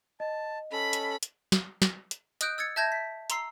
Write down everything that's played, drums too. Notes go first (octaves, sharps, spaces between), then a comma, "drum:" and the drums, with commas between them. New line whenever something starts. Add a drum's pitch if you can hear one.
D#5 A5
C#4 A4 B5
drum: hi-hat
drum: hi-hat
drum: snare
drum: snare
drum: hi-hat
D#5 D#6 F#6 G6 D7, drum: hi-hat
E6 G#6 A6 C#7
E5 A5 G6 G#6 A#6
B6
A#5 C6 E6 C7, drum: hi-hat